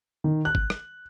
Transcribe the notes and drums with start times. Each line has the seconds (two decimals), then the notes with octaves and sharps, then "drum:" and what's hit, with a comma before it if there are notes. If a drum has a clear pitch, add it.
0.24 D#3
0.45 F#6
0.55 drum: kick
0.70 drum: rim click